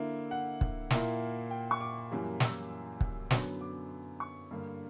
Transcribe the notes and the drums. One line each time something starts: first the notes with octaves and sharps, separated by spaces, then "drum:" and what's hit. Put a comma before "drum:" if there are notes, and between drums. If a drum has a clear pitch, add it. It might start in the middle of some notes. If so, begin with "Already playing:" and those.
Already playing: D3 A#3 E4 E5
F#5
drum: kick
A#2 A#3 E4, drum: snare
G5
C#6
D6
F#2 E3 G3 A#3
E6, drum: snare
drum: kick
F#2 D3 F#3 B3, drum: snare
D6
C#6
G2 D3 A#3